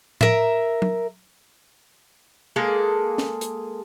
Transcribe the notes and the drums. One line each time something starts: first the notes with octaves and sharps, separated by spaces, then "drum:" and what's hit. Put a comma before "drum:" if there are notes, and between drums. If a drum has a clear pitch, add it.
A#4 E5, drum: tom A2
drum: tom F#3
G#3 A#3 G#4 A4
drum: snare
drum: hi-hat